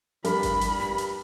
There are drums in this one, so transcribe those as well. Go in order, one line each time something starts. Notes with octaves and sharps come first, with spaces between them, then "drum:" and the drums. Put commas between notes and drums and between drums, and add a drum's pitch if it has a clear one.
G2 D4 A#4 B5, drum: hi-hat
drum: kick G#1, hi-hat
drum: hi-hat
drum: snare
drum: hi-hat